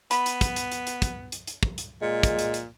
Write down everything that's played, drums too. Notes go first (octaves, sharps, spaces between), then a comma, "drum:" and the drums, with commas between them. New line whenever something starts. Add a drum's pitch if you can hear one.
B3 B5, drum: hi-hat
drum: hi-hat
drum: kick, hi-hat
drum: hi-hat
drum: hi-hat
drum: hi-hat
drum: kick, hi-hat
drum: hi-hat
drum: hi-hat
drum: kick
drum: hi-hat
A#2 G#3
drum: kick, hi-hat
drum: hi-hat
drum: hi-hat